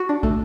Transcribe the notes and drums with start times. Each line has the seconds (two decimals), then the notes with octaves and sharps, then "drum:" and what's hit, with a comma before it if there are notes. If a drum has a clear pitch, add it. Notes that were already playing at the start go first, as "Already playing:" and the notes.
Already playing: F#4
0.09 D4
0.23 A3, drum: kick